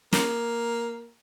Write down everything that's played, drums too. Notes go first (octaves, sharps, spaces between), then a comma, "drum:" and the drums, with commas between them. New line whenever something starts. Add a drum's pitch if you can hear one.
A#3, drum: snare